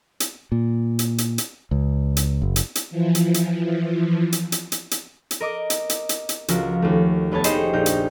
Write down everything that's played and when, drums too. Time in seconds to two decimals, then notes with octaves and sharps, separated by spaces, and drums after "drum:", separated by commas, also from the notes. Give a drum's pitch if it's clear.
0.20 drum: hi-hat
0.52 A#2
0.99 drum: hi-hat
1.18 drum: hi-hat
1.38 drum: hi-hat
1.71 C#2
2.17 drum: hi-hat
2.42 F#1
2.56 drum: hi-hat
2.75 drum: hi-hat
2.90 E3 F3
3.15 drum: hi-hat
3.34 drum: hi-hat
4.32 drum: hi-hat
4.52 drum: hi-hat
4.72 drum: hi-hat
4.91 drum: hi-hat
5.31 drum: hi-hat
5.40 A#4 D#5 D6
5.70 drum: hi-hat
5.90 drum: hi-hat
6.09 drum: hi-hat
6.29 drum: hi-hat
6.48 C#2 F3 C#4 F#4 A#4, drum: hi-hat
6.82 D#2 A3
7.32 F1 B3 C#5 A5 G#6
7.44 D#4 G4 G#4 C5 C#5 D#5, drum: hi-hat
7.73 A#1 D#4 G6
7.86 drum: hi-hat